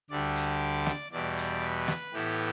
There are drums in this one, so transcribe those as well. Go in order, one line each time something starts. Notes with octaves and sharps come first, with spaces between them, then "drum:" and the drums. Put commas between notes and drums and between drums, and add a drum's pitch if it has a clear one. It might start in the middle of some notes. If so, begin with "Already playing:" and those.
D2 D3 G3 D5
drum: hi-hat
drum: snare
E2 B2 G3 D5
drum: hi-hat
B4
drum: snare
A2 E3 B3 G4